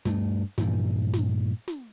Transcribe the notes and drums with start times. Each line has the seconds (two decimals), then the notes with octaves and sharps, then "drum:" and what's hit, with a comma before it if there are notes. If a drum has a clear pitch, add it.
0.05 G2 A3, drum: snare
0.58 G2 A#2 E3 F3, drum: snare
1.14 drum: snare
1.68 drum: snare